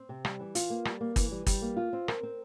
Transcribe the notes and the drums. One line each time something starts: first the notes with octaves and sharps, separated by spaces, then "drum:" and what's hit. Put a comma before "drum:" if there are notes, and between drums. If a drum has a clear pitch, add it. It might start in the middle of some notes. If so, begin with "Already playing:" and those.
Already playing: C4
C3
G3, drum: rim click
E3
F4, drum: hi-hat
A#3
G3, drum: rim click
A#3
E3, drum: kick, hi-hat
G3
G3, drum: kick, hi-hat
A#3
F4
C4
A#4, drum: rim click
C4